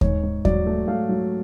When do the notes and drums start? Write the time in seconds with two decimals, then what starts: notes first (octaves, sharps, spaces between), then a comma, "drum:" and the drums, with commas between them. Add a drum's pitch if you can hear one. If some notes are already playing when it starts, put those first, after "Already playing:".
0.01 G#2 C#5, drum: kick D#2
0.23 G#2
0.45 F#3 D5, drum: kick D#2
0.66 A3
0.88 A3 F5
1.09 F#3